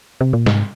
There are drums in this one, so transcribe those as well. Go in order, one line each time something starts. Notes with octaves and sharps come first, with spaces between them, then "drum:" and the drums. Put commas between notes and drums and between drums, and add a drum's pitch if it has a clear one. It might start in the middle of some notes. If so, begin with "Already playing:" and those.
C3
A#2
G#2, drum: snare